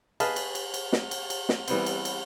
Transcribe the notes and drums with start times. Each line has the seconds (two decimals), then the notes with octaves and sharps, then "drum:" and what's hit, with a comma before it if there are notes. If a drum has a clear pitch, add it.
0.20 G#4 B4 D#5 F5 A5, drum: cymbal
0.36 drum: cymbal
0.55 drum: cymbal
0.74 drum: cymbal
0.93 drum: snare
1.11 drum: cymbal
1.30 drum: cymbal
1.49 drum: snare
1.68 E3 G3 B3 C4, drum: cymbal
1.86 drum: cymbal
2.05 drum: cymbal